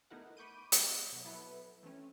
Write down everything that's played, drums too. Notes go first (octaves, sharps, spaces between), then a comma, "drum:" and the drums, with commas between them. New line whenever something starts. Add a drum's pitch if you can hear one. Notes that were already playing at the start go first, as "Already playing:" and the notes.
A3 B3 D#4 E4 A#4 F#5
B5 C#6 D6 G6 D7 D#7
F#3 B3 A#4 D#5 F#5, drum: hi-hat
B2 F#3
F#3 B3 E4 A4 B4
E3 A3 C4 C#4